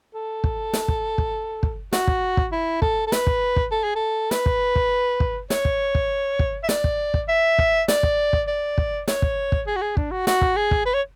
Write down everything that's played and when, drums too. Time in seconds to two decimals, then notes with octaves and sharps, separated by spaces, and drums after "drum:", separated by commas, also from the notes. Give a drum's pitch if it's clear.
0.14 A4
0.44 drum: kick
0.73 drum: snare
0.88 drum: kick
1.18 drum: kick
1.63 drum: kick
1.93 F#4, drum: snare
2.07 drum: kick
2.37 drum: kick
2.52 E4
2.82 A4, drum: kick
3.07 A4
3.12 B4, drum: snare
3.27 drum: kick
3.56 drum: kick
3.71 A4
3.83 G#4
3.95 A4
4.31 B4, drum: snare
4.46 drum: kick
4.76 drum: kick
5.20 drum: kick
5.50 C#5, drum: snare
5.65 drum: kick
5.95 drum: kick
6.39 drum: kick
6.63 E5
6.69 D5, drum: snare
6.84 drum: kick
7.14 drum: kick
7.28 E5
7.58 drum: kick
7.88 D5, drum: snare
8.03 drum: kick
8.33 drum: kick
8.48 D5
8.78 drum: kick
9.08 C#5, drum: snare
9.22 drum: kick
9.52 drum: kick
9.67 G#4
9.76 F#4
9.82 G#4
9.97 D4, drum: kick
10.11 F#4
10.27 F#4, drum: snare
10.41 drum: kick
10.56 G#4
10.71 drum: kick
10.86 B4
10.94 C#5